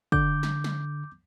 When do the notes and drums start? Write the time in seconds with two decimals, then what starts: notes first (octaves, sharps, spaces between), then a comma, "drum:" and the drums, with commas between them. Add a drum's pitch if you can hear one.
0.12 D3 D6 G6, drum: kick
0.43 drum: snare
0.64 drum: snare